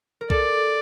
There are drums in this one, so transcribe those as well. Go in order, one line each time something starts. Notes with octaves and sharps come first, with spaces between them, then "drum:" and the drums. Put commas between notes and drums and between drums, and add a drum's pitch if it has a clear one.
A#4
A4 D5, drum: kick B1